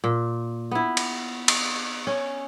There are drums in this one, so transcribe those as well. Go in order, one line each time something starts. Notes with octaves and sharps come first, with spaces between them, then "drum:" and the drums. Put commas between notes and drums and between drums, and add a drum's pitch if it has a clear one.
A#2
B3 E4
drum: cymbal
drum: cymbal
C#4